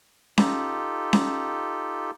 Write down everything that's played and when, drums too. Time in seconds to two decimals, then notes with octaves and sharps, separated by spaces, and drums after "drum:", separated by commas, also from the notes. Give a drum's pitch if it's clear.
0.38 D#4 F4 G4 A4, drum: snare C#4
1.13 drum: snare C#4